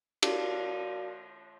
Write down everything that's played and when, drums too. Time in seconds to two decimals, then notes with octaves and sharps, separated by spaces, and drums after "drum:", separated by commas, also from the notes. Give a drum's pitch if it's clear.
0.23 F#4 A#4 D5 F5 A5 D6, drum: cymbal